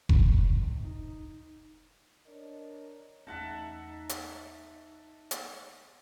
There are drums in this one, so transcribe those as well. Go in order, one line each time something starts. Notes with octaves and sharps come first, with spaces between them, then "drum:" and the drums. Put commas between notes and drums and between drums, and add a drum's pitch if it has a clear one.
drum: kick F1
D#3
D3
C3
D#4
D4 A#4 C#5 D#5
E2 A3 C#4 D#4 E5 F#5 A5
drum: hi-hat
drum: hi-hat